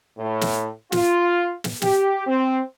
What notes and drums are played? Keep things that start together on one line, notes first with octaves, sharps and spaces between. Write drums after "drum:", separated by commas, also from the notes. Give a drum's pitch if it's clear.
A2
drum: snare
F4, drum: snare
drum: snare
G4, drum: snare
C4